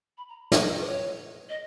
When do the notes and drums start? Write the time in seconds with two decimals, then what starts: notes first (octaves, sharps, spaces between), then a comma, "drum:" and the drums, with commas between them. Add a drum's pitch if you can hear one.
0.17 B5
0.28 A#5
0.52 F#5, drum: snare
0.63 D#5
0.80 B4
0.86 C#5
1.49 D#5